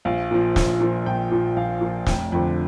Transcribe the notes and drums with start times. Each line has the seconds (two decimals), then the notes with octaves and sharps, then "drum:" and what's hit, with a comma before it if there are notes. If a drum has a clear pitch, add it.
0.05 A#1 F5
0.31 A#2 F3
0.56 A#1, drum: snare
0.80 A#2 F3
1.06 A#1 G5
1.31 A#2 F3
1.56 A#1 F5
1.81 A#2 F3
2.06 F1 G5, drum: snare
2.32 F2 D3